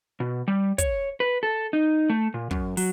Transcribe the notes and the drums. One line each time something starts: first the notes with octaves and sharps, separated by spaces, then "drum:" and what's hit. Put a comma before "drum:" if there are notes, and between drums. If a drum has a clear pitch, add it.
B2
G3
C#5, drum: kick, hi-hat
B4
A4
D#4
A3
A#2
F#2, drum: kick
F#3, drum: open hi-hat